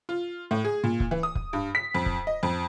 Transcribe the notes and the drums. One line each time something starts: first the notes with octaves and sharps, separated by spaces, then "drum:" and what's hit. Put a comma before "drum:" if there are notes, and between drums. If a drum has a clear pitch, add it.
F4
A2
G#4
A#2
drum: kick
E3
D#6
drum: kick
G2
B6
F2
drum: kick
D#5
F2